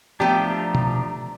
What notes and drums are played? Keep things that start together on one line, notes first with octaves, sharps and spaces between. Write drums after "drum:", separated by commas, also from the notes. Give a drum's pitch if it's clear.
F3 A3 B3 D4 G4 A#5
drum: tom B2